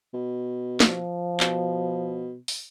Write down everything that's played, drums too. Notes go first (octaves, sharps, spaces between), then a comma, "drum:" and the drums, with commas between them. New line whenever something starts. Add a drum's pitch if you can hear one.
B2
F3, drum: snare
B2, drum: clap
drum: open hi-hat